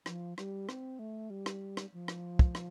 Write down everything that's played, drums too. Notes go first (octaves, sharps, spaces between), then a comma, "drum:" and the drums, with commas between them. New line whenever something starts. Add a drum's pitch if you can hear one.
F3, drum: rim click
G3, drum: rim click
C4, drum: rim click
A3
G3
drum: rim click
drum: rim click
F3
drum: rim click
drum: kick
drum: rim click